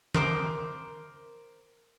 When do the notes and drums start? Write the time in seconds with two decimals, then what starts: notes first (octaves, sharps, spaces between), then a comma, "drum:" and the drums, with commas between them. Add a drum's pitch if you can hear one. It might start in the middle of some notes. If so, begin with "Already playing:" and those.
0.15 A#4 C5 D6, drum: tom D#3